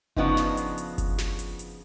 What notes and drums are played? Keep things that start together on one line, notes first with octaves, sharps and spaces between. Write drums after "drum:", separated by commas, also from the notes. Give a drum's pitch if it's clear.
C#3 F3 B3 D4 D#4 F4, drum: kick F#1
drum: snare
drum: hi-hat
drum: hi-hat
drum: kick F#1, hi-hat
drum: snare
drum: hi-hat
drum: hi-hat